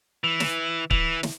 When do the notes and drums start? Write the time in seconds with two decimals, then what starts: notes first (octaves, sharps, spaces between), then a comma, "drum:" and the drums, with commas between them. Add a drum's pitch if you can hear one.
0.24 E3
0.40 drum: snare
0.91 E3, drum: kick C#1
1.23 drum: snare